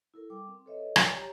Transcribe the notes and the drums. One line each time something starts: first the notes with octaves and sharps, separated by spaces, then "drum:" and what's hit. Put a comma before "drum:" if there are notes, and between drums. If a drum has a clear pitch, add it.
E4 A4 A#4
G3 A#4 G5 D6
C4
A4 B4 C#5 D#5 E5
C#5 D5 G5 A#5, drum: rim click
G4 C#5 A#5